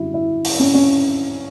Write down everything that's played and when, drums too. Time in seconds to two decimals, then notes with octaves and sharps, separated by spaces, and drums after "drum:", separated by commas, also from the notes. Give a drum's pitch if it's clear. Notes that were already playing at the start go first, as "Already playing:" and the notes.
Already playing: F#2 D3 G3 E4 F#4
0.14 E4
0.44 drum: open hi-hat
0.60 C#4
0.74 C#4